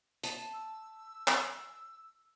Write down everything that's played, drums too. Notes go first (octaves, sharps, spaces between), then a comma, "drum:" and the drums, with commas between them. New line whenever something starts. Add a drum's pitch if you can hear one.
A5, drum: hi-hat
E6
drum: clap